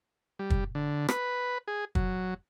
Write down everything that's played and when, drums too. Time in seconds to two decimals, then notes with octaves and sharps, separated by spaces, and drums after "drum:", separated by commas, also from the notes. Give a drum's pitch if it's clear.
0.39 G3
0.50 drum: kick
0.75 D3
1.09 B4, drum: rim click
1.68 G#4
1.95 F#3, drum: kick